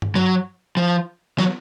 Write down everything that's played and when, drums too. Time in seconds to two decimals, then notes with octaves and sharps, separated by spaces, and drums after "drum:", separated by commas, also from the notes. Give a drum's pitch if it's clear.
0.02 drum: tom G2
0.15 F#3
0.77 F3
1.38 F#3, drum: snare